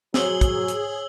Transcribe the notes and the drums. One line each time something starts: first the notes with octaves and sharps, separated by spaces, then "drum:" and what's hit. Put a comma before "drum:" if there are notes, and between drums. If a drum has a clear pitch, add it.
F#3 F#4 G#4 C5 C#5 E6 F#7 G7, drum: snare
drum: kick, hi-hat
drum: hi-hat